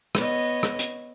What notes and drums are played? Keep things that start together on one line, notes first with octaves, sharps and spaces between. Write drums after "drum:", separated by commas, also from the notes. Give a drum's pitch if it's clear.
B3 C#5 D#5, drum: rim click
drum: rim click
drum: hi-hat